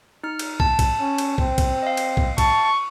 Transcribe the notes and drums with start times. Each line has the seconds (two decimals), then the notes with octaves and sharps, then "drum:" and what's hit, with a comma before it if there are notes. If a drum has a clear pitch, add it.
0.23 D#4 F6
0.39 drum: cymbal
0.60 A5, drum: kick
0.79 drum: kick, cymbal
1.00 C#4
1.18 drum: cymbal
1.38 C4, drum: kick
1.58 drum: kick, cymbal
1.83 D#5 F5
1.97 drum: cymbal
2.17 drum: kick
2.38 A5 C#6, drum: kick, cymbal